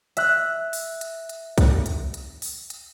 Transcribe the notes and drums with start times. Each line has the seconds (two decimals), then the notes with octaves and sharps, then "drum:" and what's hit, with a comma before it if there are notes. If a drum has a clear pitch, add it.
0.17 E5 F#6, drum: hi-hat
0.73 drum: open hi-hat
1.01 drum: hi-hat
1.29 drum: hi-hat
1.58 drum: kick B1, hi-hat
1.86 drum: hi-hat
2.14 drum: hi-hat
2.42 drum: open hi-hat
2.70 drum: hi-hat